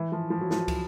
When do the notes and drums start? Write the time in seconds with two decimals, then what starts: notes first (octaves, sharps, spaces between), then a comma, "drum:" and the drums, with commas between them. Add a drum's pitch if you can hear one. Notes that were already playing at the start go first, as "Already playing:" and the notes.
Already playing: E3
0.12 F3
0.30 F3
0.41 F#3
0.51 F3, drum: snare
0.68 drum: kick, cymbal